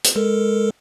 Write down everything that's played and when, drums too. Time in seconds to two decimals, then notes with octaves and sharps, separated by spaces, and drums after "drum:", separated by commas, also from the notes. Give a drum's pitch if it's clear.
0.04 drum: hi-hat
0.16 G#3 A4 A#4